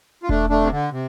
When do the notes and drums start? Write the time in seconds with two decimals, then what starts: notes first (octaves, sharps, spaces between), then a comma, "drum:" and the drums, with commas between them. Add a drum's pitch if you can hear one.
0.23 F4
0.29 A3 D4, drum: kick E1
0.50 A3 D4
0.61 C3
0.71 D3
0.92 C3